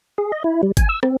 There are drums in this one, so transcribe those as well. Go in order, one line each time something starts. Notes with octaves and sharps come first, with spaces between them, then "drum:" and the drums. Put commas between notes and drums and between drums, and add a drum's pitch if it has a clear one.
G#4
D#5
E4
G3
G#5, drum: kick G1, hi-hat
E6
C4, drum: rim click